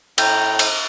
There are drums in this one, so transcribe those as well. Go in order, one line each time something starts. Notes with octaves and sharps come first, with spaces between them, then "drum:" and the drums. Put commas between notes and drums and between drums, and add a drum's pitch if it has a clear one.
A2 G5 A#5 G6, drum: cymbal
drum: cymbal